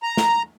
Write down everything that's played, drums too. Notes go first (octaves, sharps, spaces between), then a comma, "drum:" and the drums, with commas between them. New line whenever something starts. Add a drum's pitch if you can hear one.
A#5
drum: snare